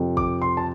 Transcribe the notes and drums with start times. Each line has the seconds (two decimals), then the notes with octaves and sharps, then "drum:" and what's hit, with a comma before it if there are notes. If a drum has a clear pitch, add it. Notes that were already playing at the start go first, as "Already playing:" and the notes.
Already playing: F2 C3 F3
0.17 D6, drum: kick
0.42 C6
0.57 A5